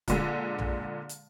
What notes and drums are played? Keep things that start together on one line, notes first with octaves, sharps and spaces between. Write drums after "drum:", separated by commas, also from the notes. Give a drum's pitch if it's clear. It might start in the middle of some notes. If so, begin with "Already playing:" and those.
A#2 D3 G#3, drum: kick, hi-hat
drum: tom A#1
drum: hi-hat